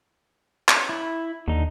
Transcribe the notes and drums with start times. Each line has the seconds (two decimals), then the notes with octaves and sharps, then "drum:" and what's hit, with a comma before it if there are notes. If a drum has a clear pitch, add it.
0.69 drum: clap
0.89 E4
1.48 D#2 D3 D#4